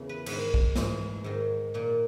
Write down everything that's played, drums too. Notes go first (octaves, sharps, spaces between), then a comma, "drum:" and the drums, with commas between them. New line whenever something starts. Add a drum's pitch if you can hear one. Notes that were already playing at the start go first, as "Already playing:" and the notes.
Already playing: E2 C#3 E3
B4
G#2 D#3 B4, drum: cymbal
drum: kick
G#2 E3 G#3, drum: snare
G#2 D#3
A#2 A#3